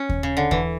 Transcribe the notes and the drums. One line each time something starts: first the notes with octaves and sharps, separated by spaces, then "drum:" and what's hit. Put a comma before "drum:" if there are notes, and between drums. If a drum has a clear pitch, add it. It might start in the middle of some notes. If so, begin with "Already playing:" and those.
Already playing: C#4
drum: kick D#2
C#3
D3
E3, drum: kick D#2